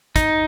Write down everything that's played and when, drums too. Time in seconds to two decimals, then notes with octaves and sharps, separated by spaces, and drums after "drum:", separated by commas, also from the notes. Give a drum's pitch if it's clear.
0.16 D#4, drum: kick, hi-hat